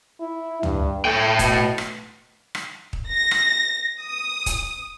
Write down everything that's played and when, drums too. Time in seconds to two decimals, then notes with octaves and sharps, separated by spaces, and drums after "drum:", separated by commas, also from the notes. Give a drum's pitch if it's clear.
0.21 E4
0.63 G2, drum: tom
1.05 A2 A3 G5
1.39 B2, drum: kick, hi-hat
1.78 drum: rim click
2.55 drum: rim click
2.93 drum: kick
3.09 A#6
3.31 drum: rim click
4.01 D#6
4.46 drum: kick, hi-hat